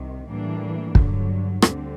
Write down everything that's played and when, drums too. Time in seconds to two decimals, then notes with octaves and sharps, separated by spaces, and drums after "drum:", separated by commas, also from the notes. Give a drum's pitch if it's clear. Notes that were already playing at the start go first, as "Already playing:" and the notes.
Already playing: C2 C3 D#3
0.28 A2 E3 G3 A#3 D4
0.95 G2 D3 F#3, drum: kick
1.62 D2 D3 G3 C4, drum: rim click